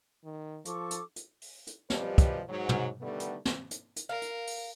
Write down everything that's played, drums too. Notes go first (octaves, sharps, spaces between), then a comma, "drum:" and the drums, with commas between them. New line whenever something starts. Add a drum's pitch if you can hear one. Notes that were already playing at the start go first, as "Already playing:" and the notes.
D#3
F3 A4 C#6 D6, drum: hi-hat
drum: hi-hat
drum: hi-hat
drum: open hi-hat
drum: hi-hat
F#2 F3 G3 G4 B4 D#5, drum: snare
drum: kick, hi-hat
G#2 F#3
drum: tom
D3 D#3 G3 A3 B3
drum: hi-hat
drum: snare
drum: hi-hat
drum: hi-hat
A#4 F5
drum: hi-hat
drum: open hi-hat